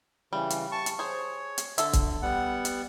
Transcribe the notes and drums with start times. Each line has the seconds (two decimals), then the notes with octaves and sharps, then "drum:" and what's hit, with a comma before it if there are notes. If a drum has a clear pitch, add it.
0.33 C#3 E3 G3
0.50 drum: hi-hat
0.72 A5 C#6
0.86 drum: hi-hat
0.99 G#4 C5 C#5
1.58 drum: hi-hat
1.78 D3 A4 E5, drum: hi-hat
1.93 drum: kick, hi-hat
2.22 G3 B3 F#5
2.65 drum: hi-hat